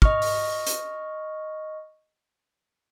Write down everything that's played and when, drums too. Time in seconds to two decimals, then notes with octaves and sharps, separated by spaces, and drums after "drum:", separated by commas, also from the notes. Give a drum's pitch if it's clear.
0.02 D#5 C#6 F6, drum: kick
0.22 drum: open hi-hat
0.67 drum: hi-hat